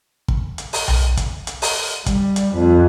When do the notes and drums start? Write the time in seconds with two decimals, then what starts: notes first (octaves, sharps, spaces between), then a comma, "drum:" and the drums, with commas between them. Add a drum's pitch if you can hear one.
0.28 drum: kick
0.58 drum: hi-hat
0.73 drum: open hi-hat
0.88 drum: tom B1
1.17 drum: kick, hi-hat
1.47 drum: hi-hat
1.62 drum: open hi-hat
2.06 G3, drum: kick, hi-hat
2.36 drum: hi-hat
2.55 F2